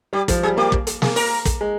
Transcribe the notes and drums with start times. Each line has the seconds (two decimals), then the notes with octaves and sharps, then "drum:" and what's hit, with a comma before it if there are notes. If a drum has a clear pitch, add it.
0.13 G3 G4
0.28 F3, drum: kick, hi-hat
0.43 G3 G#4
0.57 A#3 G4
0.72 drum: kick
0.87 drum: hi-hat
1.02 A#3 G#4, drum: snare
1.16 A#4, drum: open hi-hat
1.45 drum: kick, hi-hat
1.61 G#3